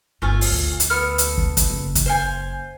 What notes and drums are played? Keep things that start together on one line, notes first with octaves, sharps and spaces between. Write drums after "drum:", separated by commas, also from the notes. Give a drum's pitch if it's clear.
G1 D3 A3 F4 G#5
drum: open hi-hat
D2
drum: hi-hat
B3 A4 F6
drum: hi-hat
drum: kick
drum: kick, hi-hat
F#1
drum: kick, hi-hat
C5 F5 G#5